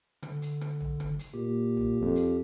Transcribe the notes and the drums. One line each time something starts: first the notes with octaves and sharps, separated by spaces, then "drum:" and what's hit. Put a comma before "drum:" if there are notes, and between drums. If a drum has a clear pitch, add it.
D3, drum: rim click
drum: hi-hat
drum: rim click
drum: tom
drum: rim click
drum: hi-hat
A#2 G4
drum: tom
F2
drum: hi-hat